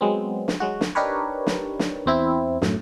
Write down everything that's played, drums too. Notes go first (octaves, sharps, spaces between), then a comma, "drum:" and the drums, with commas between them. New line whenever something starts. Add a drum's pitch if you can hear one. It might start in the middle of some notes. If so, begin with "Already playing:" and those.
F#3 G#3 B3 C4
drum: snare
F#3 G#3 F#4
drum: snare
D4 D#4 G4 A#4 B4 C#5
drum: snare
drum: snare
E2 C4 E4
F#2 A2, drum: snare